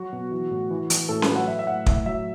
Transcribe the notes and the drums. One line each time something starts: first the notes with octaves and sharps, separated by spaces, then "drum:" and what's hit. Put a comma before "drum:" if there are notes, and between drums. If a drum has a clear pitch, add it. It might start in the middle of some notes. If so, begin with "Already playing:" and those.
Already playing: F#3 F#4
B2
E3
A2
E3
E3, drum: hi-hat
A2 A4
B4, drum: snare C#4
F#3
F#5
F#3 E5
E5
A2 F#5
A2 E5, drum: kick
F#3 E5